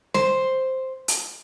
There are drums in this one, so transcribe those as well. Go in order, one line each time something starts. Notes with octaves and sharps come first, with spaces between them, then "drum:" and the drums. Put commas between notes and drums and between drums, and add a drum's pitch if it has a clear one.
C5, drum: snare
drum: hi-hat